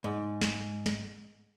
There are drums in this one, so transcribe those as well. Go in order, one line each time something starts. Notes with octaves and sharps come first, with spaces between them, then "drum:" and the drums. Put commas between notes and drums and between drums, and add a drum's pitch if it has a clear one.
G#2
drum: snare
drum: snare